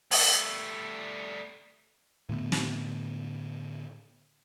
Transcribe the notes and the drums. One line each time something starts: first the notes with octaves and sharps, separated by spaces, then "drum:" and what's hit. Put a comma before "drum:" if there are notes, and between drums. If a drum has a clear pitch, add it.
G3 A3, drum: open hi-hat
A2 D3 A3 B3
drum: snare